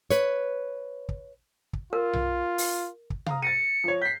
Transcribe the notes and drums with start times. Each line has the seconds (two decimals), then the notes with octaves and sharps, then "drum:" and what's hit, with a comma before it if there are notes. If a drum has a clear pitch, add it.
0.10 B4 C#5, drum: hi-hat
1.09 drum: kick
1.73 drum: kick
1.93 F4 A#4
2.13 drum: tom B1
2.58 drum: open hi-hat
3.10 drum: kick
3.26 F5 A#5 D#6, drum: tom C3
3.42 A6 A#6 C#7 D#7
3.84 F3 C#5
4.02 G6 B6 C7